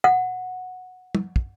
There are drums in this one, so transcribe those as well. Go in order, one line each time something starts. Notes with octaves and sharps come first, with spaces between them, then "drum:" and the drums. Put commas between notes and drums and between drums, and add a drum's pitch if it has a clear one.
F#5
drum: tom
drum: kick